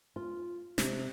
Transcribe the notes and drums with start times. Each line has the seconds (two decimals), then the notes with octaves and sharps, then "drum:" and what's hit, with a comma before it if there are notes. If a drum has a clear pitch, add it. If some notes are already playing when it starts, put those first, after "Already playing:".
0.16 F4
0.78 C3, drum: snare